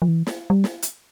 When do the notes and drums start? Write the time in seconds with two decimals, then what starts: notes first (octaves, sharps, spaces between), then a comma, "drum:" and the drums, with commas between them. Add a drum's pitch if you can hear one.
0.02 F3
0.08 E3
0.27 drum: snare
0.50 G3
0.64 drum: snare
0.82 drum: hi-hat